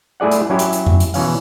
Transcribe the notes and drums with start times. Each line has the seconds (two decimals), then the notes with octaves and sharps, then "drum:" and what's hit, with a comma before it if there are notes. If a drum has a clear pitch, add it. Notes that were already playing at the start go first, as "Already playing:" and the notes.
0.20 A3 E4 G#4 D5 F#5
0.31 drum: hi-hat
0.50 F#3 C#4 E4 G4
0.59 drum: hi-hat
0.73 drum: hi-hat
0.86 drum: tom F2
1.00 drum: hi-hat
1.14 B2 E3 C#4 F5, drum: open hi-hat